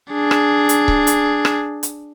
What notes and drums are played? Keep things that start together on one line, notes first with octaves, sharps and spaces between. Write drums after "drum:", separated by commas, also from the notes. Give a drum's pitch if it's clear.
D4 G#4
drum: rim click
drum: hi-hat
drum: kick C#1
drum: hi-hat
drum: rim click
drum: hi-hat